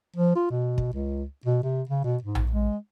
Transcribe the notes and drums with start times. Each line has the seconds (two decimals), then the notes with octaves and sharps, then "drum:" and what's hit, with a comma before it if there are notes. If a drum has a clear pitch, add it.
0.16 F3
0.35 F4
0.50 B2
0.78 drum: kick
0.93 C#2
1.45 B2
1.63 C3
1.89 C#3
2.04 B2
2.22 G#2
2.35 drum: tom A#1
2.51 G#3